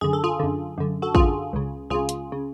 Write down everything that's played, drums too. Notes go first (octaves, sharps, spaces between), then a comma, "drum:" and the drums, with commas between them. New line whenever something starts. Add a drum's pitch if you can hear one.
F#2 D3 G#4
A4
F4 G#4
F#2 D3
F#2 D3
F#4 A4
F#2 D3 F4 G#4, drum: kick
C#2 C#3
C#2 C#3 F4 G#4
drum: hi-hat
C#3